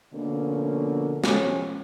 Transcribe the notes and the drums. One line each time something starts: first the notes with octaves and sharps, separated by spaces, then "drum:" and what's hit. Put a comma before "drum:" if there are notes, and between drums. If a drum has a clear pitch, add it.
B2 D3 F3 A#3 C#4
F3 G3 A3 C#4, drum: snare